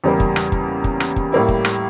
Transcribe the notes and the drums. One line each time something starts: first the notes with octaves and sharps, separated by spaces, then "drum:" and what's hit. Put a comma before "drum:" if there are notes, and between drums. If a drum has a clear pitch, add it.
E2 C#3 G3 A#3
drum: kick
drum: rim click
drum: kick
drum: kick
drum: rim click
drum: kick
A2 G3 A#3 E4
drum: kick
drum: rim click